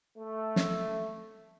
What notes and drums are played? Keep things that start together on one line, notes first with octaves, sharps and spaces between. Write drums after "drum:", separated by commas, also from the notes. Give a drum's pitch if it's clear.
A3
drum: snare